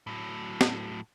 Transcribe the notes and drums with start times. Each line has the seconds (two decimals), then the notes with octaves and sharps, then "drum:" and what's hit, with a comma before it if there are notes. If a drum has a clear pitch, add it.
0.07 A2 F#3
0.61 drum: snare